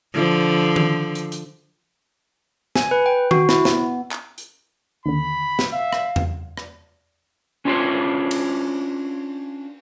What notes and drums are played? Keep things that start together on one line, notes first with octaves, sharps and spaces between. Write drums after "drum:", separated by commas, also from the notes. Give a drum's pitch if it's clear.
D3 F3
drum: tom D#3
drum: hi-hat
drum: hi-hat
G#5, drum: snare
B4
G5
F#4, drum: tom D#3
E4, drum: snare
B3, drum: snare
drum: clap
drum: hi-hat
D#2 D3 B5
drum: snare
E5 F5
drum: rim click
drum: tom E2
drum: rim click
C#4 D4 F4 G4 C5 C#5
drum: cymbal